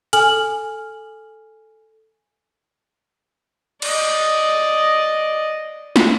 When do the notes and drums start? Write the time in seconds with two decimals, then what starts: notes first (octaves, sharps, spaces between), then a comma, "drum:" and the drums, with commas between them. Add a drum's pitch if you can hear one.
0.13 A4 G#5 F6 F#7, drum: hi-hat
3.82 D5 D#5, drum: cymbal
5.96 drum: snare